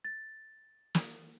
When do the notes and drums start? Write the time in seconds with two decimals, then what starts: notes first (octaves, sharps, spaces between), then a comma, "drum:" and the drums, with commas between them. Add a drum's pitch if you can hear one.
0.04 A6
0.95 drum: snare